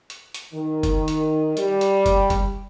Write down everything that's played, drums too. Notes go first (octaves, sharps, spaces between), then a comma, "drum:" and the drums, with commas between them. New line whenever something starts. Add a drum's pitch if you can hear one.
drum: hi-hat
drum: hi-hat
D#3
drum: kick F#1, hi-hat
drum: hi-hat
G3, drum: hi-hat
drum: hi-hat
drum: kick F#1, hi-hat
drum: kick F#1, hi-hat